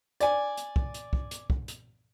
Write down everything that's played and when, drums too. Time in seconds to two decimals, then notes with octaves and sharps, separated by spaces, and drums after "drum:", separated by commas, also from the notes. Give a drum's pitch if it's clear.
0.20 D5 G#5, drum: hi-hat
0.57 drum: hi-hat
0.76 drum: kick
0.94 drum: hi-hat
1.13 drum: kick
1.31 drum: hi-hat
1.50 drum: kick
1.68 drum: hi-hat